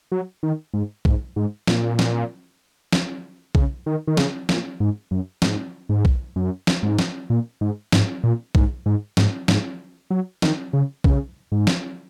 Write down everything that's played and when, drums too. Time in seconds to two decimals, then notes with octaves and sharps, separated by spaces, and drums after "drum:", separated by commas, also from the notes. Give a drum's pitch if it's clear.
0.12 F#3
0.43 D#3
0.74 G#2
1.05 G#2, drum: kick B1
1.36 G#2
1.67 A#2, drum: snare
1.99 drum: snare
2.93 drum: snare
3.55 C#3, drum: kick B1
3.86 D#3
4.07 D#3
4.17 C#3, drum: snare
4.49 A#2, drum: snare
4.80 G#2
5.11 F#2
5.42 G#2, drum: snare
5.89 G#2
6.05 drum: kick B1
6.36 F#2
6.67 drum: snare
6.83 G#2
6.99 drum: snare
7.30 A#2
7.61 G#2
7.92 G#2, drum: snare
8.24 A#2
8.55 G#2, drum: kick B1
8.86 G#2
9.17 G#2, drum: snare
9.48 G#2, drum: snare
10.11 F#3
10.42 D#3, drum: snare
10.73 C#3
11.04 C#3, drum: kick B1
11.52 G#2
11.67 drum: snare